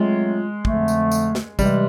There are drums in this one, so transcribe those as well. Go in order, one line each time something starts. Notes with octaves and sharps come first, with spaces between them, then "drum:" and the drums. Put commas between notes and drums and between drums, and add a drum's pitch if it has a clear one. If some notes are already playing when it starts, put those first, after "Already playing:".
Already playing: F#3 G#3 A3 C4 F4
F2 D3 F3 A3, drum: kick
drum: tambourine
drum: tambourine
drum: snare
C3 E3 G3 G#3, drum: kick, tambourine